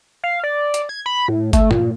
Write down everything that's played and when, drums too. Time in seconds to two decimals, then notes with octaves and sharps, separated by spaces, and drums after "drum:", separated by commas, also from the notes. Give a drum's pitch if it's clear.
0.24 F5
0.43 D5
0.74 drum: hi-hat
0.89 G#6
1.06 B5
1.28 A2
1.53 A3, drum: kick G1, hi-hat
1.71 A#2, drum: tom G2